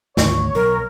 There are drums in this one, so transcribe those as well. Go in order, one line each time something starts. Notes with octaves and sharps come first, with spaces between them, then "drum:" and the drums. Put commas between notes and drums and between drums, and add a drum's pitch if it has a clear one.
G#1 D2 C#5, drum: snare
B1 A#4